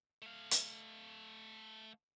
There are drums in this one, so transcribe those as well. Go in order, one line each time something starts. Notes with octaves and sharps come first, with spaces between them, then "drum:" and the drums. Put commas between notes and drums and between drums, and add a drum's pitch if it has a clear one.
A3 F5
drum: hi-hat